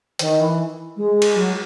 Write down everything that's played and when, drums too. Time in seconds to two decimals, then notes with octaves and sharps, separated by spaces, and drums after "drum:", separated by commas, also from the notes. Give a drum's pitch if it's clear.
0.19 D#3, drum: hi-hat
0.39 E3
0.96 G#3
1.22 drum: cymbal
1.35 F#3